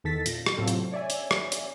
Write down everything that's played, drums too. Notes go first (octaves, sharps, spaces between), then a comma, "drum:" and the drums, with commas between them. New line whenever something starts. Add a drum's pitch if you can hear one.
E2 D#3 A4 A6 B6
A#2 A#6, drum: hi-hat
drum: rim click
A2 C3 F#3 C4 F4 A4
drum: hi-hat
C#5 D5 E5 G#5
drum: hi-hat
drum: rim click
drum: hi-hat